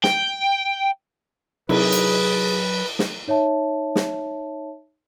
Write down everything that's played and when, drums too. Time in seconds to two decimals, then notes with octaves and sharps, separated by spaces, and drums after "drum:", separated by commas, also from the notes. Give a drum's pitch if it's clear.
0.04 G5, drum: snare
1.69 C3 F#3 D#4 E4 G#4 B4, drum: cymbal
1.92 drum: hi-hat
2.99 drum: snare
3.28 D#4 C#5 E5 A5
3.96 drum: snare